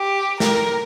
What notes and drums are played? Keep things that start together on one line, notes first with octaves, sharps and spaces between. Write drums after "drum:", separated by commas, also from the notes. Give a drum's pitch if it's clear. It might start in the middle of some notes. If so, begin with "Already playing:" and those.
Already playing: G4
A#4, drum: snare